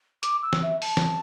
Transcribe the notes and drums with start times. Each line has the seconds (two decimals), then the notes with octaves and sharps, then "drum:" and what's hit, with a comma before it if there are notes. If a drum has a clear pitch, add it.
0.23 D6, drum: hi-hat
0.43 E6
0.53 drum: snare
0.63 E5
0.82 A5, drum: open hi-hat
0.97 drum: snare